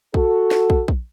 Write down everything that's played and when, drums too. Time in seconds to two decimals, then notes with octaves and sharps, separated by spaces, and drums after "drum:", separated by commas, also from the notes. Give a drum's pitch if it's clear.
0.14 F#4 A4, drum: kick
0.51 drum: snare
0.70 drum: kick
0.88 drum: kick